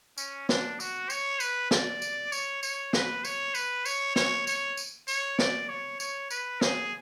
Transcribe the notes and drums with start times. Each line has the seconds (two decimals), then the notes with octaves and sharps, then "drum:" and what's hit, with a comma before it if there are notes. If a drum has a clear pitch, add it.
0.18 C#4, drum: tambourine
0.49 D4, drum: snare
0.80 F#4, drum: tambourine
1.10 C#5, drum: tambourine
1.40 B4, drum: tambourine
1.71 D5, drum: snare
2.02 drum: tambourine
2.32 C#5, drum: tambourine
2.63 C#5, drum: tambourine
2.93 B4, drum: snare
3.25 C#5, drum: tambourine
3.55 B4, drum: tambourine
3.85 C#5, drum: tambourine
4.16 C#5, drum: snare
4.47 C#5, drum: tambourine
4.77 drum: tambourine
5.08 C#5, drum: tambourine
5.39 D5, drum: snare
5.69 C#5
6.00 C#5, drum: tambourine
6.30 B4, drum: tambourine
6.61 G#4, drum: snare